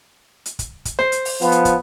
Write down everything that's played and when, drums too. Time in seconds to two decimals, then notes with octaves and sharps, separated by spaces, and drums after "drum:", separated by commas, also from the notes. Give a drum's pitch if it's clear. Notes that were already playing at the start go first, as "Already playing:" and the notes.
0.46 drum: hi-hat
0.59 drum: kick, hi-hat
0.85 drum: kick, hi-hat
0.99 C5, drum: snare
1.12 drum: hi-hat
1.25 drum: open hi-hat
1.41 F3 B3, drum: hi-hat
1.52 drum: hi-hat
1.65 drum: kick, hi-hat